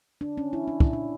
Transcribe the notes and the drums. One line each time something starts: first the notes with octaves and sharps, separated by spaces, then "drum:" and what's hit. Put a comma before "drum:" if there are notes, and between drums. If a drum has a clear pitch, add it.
D4
C#4
E4
D4
E4, drum: kick
D4